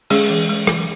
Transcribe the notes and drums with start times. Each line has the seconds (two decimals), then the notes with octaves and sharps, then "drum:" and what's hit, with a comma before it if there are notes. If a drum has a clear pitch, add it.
0.10 G#3 C#4 G#4, drum: open hi-hat
0.30 E3
0.49 G#3
0.67 E3, drum: rim click